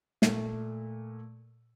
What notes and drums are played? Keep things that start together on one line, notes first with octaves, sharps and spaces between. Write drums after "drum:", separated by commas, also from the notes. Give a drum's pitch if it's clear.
A#2 A3, drum: snare